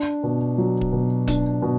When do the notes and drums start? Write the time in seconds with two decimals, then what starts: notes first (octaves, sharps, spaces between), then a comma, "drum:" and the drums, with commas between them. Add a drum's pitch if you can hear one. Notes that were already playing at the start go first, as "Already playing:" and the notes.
Already playing: D4
0.23 B2
0.58 F#3
0.81 drum: kick
0.93 B2
1.27 D4, drum: kick, hi-hat
1.62 B2